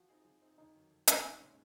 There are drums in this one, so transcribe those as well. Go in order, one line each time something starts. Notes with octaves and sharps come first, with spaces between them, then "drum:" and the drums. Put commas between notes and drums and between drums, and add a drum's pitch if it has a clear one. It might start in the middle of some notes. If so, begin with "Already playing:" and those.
Already playing: F3 F#4
C4 D#4 G#4
F3
C4 D#4 G#4
F2 D#4
D#3 F#3
F2
D#3 F#3, drum: hi-hat
C2 D#4
A#2 G#3 C#4 D#4